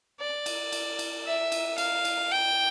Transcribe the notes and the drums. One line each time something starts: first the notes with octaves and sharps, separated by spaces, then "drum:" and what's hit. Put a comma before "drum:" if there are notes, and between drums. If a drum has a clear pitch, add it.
D5
drum: cymbal
drum: cymbal
drum: cymbal
E5
drum: cymbal
F5, drum: cymbal
drum: cymbal
G5